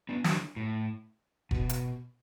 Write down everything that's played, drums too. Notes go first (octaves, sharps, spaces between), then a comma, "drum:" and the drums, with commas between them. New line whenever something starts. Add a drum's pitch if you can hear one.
B3 D4
D3 F#3, drum: snare
A2
B2, drum: kick F1
drum: hi-hat